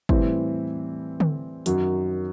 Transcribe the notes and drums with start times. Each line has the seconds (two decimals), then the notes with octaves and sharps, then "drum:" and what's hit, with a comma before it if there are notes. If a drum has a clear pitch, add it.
0.09 A2 E3 G3 C4 E4, drum: kick
1.20 drum: tom D3
1.66 F#2 D#3 F#3, drum: hi-hat